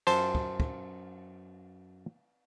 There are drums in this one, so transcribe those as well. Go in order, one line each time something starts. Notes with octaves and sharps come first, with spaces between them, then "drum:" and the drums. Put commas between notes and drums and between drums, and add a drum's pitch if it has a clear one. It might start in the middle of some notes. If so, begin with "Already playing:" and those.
F#2 C5 A5, drum: cymbal
drum: kick
drum: kick